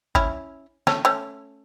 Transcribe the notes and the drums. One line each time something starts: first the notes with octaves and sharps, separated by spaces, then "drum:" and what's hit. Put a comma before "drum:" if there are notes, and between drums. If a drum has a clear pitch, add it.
C#4 E4, drum: kick
A3 C#4, drum: snare
A3 C#4